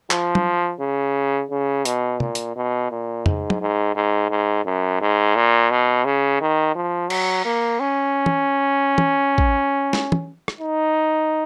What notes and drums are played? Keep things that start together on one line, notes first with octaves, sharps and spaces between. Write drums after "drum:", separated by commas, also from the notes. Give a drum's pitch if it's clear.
F3, drum: clap
drum: tom
C#3
C#3
B2, drum: hi-hat
A#2, drum: tom
drum: hi-hat
B2
A#2
G#2, drum: tom F2
drum: tom
G#2
G#2
G#2
F#2
G#2
A#2
B2
C#3
D#3
F3
F#3, drum: cymbal
A#3
C#4
drum: tom
drum: tom
drum: kick A1
drum: snare
drum: tom
drum: rim click
D#4